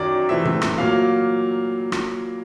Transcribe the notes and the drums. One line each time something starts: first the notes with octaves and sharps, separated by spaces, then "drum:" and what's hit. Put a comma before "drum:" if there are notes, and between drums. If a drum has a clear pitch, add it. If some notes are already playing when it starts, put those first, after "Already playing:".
Already playing: F#2 D#3 F#3 D5
C3 E3 A3 C4 E5
drum: tom A2
drum: rim click
A#2 F#3 A#3 F5
drum: rim click